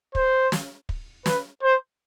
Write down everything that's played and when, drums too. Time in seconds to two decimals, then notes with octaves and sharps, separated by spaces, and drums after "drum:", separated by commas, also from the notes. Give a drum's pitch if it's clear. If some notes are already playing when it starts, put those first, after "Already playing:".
0.15 C5, drum: kick
0.52 drum: snare
0.89 drum: kick
1.26 B4, drum: snare
1.63 C5